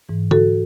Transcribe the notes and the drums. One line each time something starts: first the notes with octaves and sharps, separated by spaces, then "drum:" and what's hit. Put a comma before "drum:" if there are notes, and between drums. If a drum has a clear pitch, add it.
G#2 E3
F#4 A4, drum: tom D3